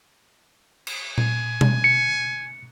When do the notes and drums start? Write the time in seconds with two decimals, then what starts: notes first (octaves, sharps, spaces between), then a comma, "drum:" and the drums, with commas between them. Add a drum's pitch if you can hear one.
0.87 drum: cymbal
1.18 G#5, drum: tom A#2
1.61 drum: tom B2
1.84 C#7